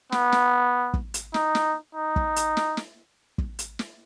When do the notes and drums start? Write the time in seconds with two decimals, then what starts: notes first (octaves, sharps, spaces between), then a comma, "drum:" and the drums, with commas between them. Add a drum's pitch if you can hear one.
0.12 B3, drum: snare
0.32 drum: snare
0.94 drum: kick
1.14 drum: hi-hat
1.34 D#4, drum: snare
1.55 drum: snare
1.95 D#4
2.16 drum: kick
2.36 drum: hi-hat
2.57 drum: snare
2.77 drum: snare
3.38 drum: kick
3.59 drum: hi-hat
3.79 drum: snare